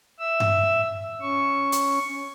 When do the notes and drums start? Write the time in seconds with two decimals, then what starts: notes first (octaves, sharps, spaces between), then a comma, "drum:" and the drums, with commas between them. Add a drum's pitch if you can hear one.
0.19 E5 E6
0.40 drum: tom G2
1.21 C#4 C#6
1.72 drum: hi-hat